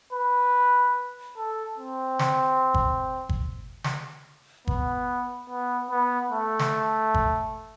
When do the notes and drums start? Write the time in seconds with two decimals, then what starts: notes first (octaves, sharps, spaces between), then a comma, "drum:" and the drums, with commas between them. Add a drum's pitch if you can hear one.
0.13 B4
1.37 A4
1.78 C4
2.19 drum: snare
2.74 drum: kick G1
3.29 drum: kick G1
3.84 drum: snare
4.67 B3, drum: kick G1
5.50 B3
5.91 B3
6.32 A3
6.59 drum: snare
7.14 drum: kick G1